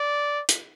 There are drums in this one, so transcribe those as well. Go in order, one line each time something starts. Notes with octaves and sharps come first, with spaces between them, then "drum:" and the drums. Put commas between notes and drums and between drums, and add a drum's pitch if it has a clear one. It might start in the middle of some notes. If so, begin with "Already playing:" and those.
Already playing: D5
drum: hi-hat